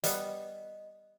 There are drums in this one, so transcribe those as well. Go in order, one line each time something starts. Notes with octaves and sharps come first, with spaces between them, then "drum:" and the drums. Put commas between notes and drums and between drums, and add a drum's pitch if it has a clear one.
G3 B3 D#5, drum: hi-hat